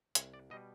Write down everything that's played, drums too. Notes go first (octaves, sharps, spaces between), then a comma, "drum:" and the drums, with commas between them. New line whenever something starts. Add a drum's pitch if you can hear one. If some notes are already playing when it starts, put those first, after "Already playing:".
C2 C#5, drum: hi-hat
D5
B2 G3 D#5